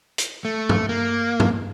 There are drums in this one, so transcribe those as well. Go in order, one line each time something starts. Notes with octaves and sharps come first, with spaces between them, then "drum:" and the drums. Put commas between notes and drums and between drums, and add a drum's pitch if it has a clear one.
drum: hi-hat
A3
drum: tom G2
A#3
drum: tom G2